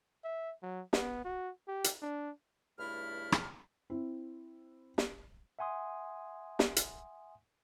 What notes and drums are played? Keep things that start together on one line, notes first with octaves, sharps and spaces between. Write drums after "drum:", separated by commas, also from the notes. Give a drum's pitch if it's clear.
E5
F#3
B3, drum: snare
F#4
G4
drum: hi-hat
D4
C#2 G2 A3 E4 B5 F6
drum: rim click
C4 E4
drum: snare
E5 F#5 G#5 C6 D#6
drum: snare
drum: hi-hat